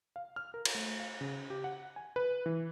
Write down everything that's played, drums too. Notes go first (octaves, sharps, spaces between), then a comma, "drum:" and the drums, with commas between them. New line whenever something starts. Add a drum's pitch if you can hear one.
F5
F6
A#4
drum: cymbal
A3
F5
C#3
G4
F#5
G#5
B4
E3